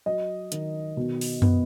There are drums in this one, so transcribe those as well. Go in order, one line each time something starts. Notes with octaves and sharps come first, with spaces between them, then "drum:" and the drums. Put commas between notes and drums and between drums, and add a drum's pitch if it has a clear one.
F#3 D#5
D#3, drum: hi-hat
B2
drum: open hi-hat
B3, drum: tom F#2